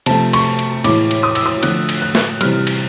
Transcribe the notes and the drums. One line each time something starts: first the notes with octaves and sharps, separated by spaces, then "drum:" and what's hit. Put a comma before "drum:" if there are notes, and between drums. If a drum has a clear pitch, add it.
C3 F3 A3 A5, drum: cymbal
C#6, drum: cymbal
drum: cymbal
A2 E3 G#3 D6, drum: cymbal
drum: cymbal
D#6
E6, drum: cymbal
D#6
D3 F3 A3 F#6, drum: cymbal
drum: cymbal
F#6
drum: snare
C3 E3 G3 F6, drum: cymbal
drum: cymbal